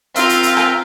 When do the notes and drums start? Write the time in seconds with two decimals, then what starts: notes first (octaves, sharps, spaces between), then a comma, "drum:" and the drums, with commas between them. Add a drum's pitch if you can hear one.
0.16 C4 F4 A#4 E5 A#5, drum: hi-hat
0.29 drum: hi-hat
0.43 drum: hi-hat
0.57 drum: rim click